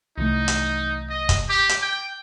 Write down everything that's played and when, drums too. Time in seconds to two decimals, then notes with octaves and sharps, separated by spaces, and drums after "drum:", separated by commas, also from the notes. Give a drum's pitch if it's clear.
0.18 C2 E3 A3 D#4
0.48 drum: hi-hat
1.10 D#5
1.29 drum: kick, hi-hat
1.49 G4 D6
1.69 drum: hi-hat
1.82 G5